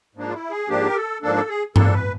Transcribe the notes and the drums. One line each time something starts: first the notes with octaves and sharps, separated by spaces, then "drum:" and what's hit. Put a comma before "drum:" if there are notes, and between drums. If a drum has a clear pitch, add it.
G#2 F3 A#3 D4
F4
E4
G#4
G#2 F3 A#3 D4 G4
A#4
A4
G#2 F3 A#3 D4 A4
A4
G#4
G#2 F3 A#3 D4 A4, drum: tom G2
B4